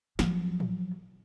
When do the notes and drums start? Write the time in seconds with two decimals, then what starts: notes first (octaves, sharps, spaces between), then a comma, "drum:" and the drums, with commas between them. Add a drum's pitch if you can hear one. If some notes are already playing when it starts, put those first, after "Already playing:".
0.19 F3 F#3, drum: snare
0.60 drum: tom A2